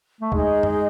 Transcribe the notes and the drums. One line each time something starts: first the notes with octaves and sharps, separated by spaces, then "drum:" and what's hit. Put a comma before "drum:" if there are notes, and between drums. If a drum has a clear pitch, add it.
A3
G#3 D#4 G#4 D#5, drum: kick
drum: tom F#2